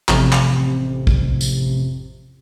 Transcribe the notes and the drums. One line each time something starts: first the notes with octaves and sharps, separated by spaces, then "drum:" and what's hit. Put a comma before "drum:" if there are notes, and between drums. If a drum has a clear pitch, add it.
A1 F2 C3, drum: clap
drum: clap
drum: kick
drum: tambourine